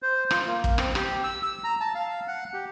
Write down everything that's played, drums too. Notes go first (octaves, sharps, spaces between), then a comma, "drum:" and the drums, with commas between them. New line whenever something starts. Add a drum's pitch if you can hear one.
C5
F4, drum: rim click
A#3
drum: kick
C4, drum: rim click
G4, drum: rim click
E6
E6
A#5
A5
F5
F#5
G4